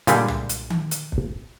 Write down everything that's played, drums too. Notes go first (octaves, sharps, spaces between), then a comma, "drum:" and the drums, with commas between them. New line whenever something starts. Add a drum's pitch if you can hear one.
A#2 D3 G3 G#3, drum: hi-hat
drum: tom
drum: hi-hat
drum: tom D#3
drum: hi-hat
drum: kick